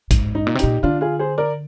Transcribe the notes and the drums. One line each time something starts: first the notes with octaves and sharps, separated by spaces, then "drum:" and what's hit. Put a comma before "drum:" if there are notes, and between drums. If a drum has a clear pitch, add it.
G#2, drum: kick, hi-hat
D#4
A#2
C3
A#2 D#4 G4, drum: hi-hat
D3 D4 F4
F4 G#4
G#4 C5
A#4 D5